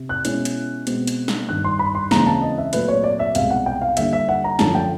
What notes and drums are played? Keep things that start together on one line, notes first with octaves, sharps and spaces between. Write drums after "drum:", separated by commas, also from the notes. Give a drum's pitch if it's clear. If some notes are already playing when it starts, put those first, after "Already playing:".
Already playing: C3
F#6
B2 G#3 C#4 E4, drum: hi-hat
drum: hi-hat
B2 G#3 C4, drum: hi-hat
drum: hi-hat
drum: snare
G2 D#3 G3 F#6
C6
B5
C6
D#2 C#3 E3 G#3 C4 A#5, drum: snare
A5
D#5
E5
A#2 F#3 A3 C4 B4, drum: hi-hat
C#5
D5
E5
C2 B2 G#3 F5, drum: hi-hat
F#5
G5
F5
D#2 D3 G3 E5, drum: hi-hat
E5
F#5
A#5
F#2 D3 F3 A3 A5, drum: snare
G5